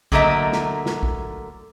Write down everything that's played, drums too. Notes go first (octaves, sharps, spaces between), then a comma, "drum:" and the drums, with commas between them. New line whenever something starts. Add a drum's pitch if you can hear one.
D3 F#3 A3 A#3 D#5 E5, drum: kick A#1
drum: snare
drum: snare
drum: kick A#1